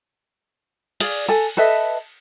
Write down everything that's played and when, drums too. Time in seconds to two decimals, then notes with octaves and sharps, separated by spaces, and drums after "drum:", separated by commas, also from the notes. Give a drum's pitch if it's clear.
1.00 G#4 D5 F5, drum: cymbal
1.29 A4 G#5
1.57 A4 B4 D#5 E5